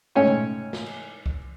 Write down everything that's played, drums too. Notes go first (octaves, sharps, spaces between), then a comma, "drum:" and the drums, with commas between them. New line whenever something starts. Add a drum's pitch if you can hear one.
G#2 A3 C#4 C#5 G5 G#5
drum: tom A#2
drum: snare
drum: cymbal
drum: kick